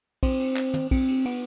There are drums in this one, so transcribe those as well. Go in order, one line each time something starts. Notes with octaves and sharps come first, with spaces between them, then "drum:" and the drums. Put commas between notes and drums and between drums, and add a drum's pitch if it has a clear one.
C4, drum: kick, cymbal
drum: cymbal
drum: clap
drum: tom
C4, drum: kick, cymbal
drum: cymbal
B3, drum: cymbal